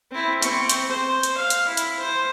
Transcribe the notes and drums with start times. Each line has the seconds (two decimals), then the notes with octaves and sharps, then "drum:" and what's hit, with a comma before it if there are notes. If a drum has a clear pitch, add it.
0.11 C4 E4
0.42 C4 C#6, drum: hi-hat
0.69 drum: hi-hat
0.89 C5
1.23 drum: hi-hat
1.37 F5
1.50 drum: hi-hat
1.67 E4
1.77 drum: hi-hat
2.00 C5